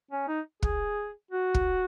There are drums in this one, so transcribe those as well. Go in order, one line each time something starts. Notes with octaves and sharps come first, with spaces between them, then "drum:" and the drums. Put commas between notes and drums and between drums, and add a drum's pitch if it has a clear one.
C#4
D#4
G#4, drum: kick
F#4
drum: kick